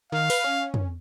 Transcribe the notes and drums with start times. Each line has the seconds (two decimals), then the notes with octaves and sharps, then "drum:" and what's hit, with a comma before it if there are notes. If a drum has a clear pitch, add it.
0.12 D#3 F5
0.30 B4, drum: open hi-hat
0.44 C#4
0.74 drum: tom